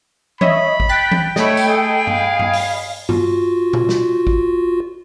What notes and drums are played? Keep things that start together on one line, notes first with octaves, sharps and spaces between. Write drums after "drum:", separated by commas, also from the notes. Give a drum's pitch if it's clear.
C#5 D#5 E5 B5, drum: tom E3
drum: kick G#1
G5 F#6 A6 B6
drum: tom E3
A3 C#5 D#5 B5, drum: snare
drum: tambourine
G#4 A4
F5, drum: tom G2
drum: tom G2
drum: open hi-hat
F4 F#4, drum: tom G2
drum: tom A#2
drum: snare
drum: kick G#1